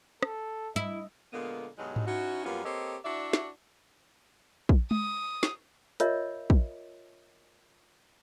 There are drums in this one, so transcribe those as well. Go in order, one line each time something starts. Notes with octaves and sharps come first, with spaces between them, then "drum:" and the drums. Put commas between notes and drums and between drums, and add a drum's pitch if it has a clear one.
A4, drum: rim click
E4 D#5, drum: hi-hat
A#2 D3 G#3 A#3 B3
G2 B2 F#3 G#3 D#4
drum: tom G#2
C#4 D#4 E4 F#4
F#2 G3 A#3 B3 C#4 F4
A#3 C4 G4 A4 C#5 D#5
D4 E4 F#4 D5 E5
drum: snare
drum: kick
D#6, drum: tom G#3
drum: snare
F4 A#4 C#5 D#5 E5, drum: hi-hat
drum: kick